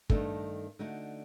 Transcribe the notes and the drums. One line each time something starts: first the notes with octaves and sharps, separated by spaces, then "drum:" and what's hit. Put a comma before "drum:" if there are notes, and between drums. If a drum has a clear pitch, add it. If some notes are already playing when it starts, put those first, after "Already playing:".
G2 D#3 A3 D4 A4, drum: kick
D3 A3 D#4 F#4